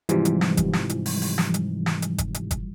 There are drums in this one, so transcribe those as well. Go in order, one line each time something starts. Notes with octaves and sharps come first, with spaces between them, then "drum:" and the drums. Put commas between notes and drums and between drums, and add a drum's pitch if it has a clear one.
G#2 C3 E3 F3 G3, drum: hi-hat
drum: hi-hat
drum: snare
drum: kick F#1, hi-hat
drum: snare
drum: hi-hat
drum: open hi-hat
drum: open hi-hat
drum: snare
drum: hi-hat
drum: snare
drum: hi-hat
drum: kick F#1, hi-hat
drum: hi-hat
drum: kick F#1, hi-hat